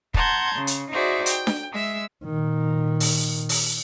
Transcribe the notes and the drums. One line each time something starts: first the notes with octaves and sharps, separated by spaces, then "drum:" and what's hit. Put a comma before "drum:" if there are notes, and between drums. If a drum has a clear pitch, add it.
F#5 A5 A#5 C6 G6 G#6, drum: kick
C#3
drum: hi-hat
D#4 F#4 G#4 C5 D5 E5
G5, drum: hi-hat
drum: snare D4
G#3 E5 E6
A#2 D#3
drum: open hi-hat
drum: open hi-hat